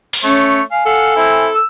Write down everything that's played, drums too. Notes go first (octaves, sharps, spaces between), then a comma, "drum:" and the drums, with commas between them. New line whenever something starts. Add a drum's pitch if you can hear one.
drum: open hi-hat
A3 C#4 C#5
F5 G#5
A4 F5 F#5
C4 E4
E6